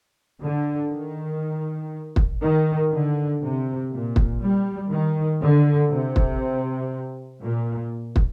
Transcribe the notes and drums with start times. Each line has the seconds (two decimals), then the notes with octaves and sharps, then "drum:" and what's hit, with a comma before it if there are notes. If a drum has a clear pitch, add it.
0.41 D3
0.92 D#3
2.16 drum: kick
2.41 D#3
2.92 D3
3.41 C3
3.91 A#2
4.16 drum: kick
4.41 G3
4.90 D#3
5.41 D3
5.91 C3
6.16 drum: kick
7.41 A#2
8.16 drum: kick